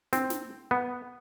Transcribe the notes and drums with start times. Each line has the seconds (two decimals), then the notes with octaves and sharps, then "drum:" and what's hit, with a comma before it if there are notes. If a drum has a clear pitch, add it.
0.13 C4, drum: snare
0.30 drum: snare
0.71 B3